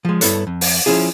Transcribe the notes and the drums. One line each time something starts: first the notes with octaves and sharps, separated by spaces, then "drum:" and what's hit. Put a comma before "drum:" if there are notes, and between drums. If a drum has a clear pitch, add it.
F3 G#3
G2 B3 E4 A4 C#5, drum: hi-hat
F2
drum: open hi-hat
F3 C#4 E4 G#4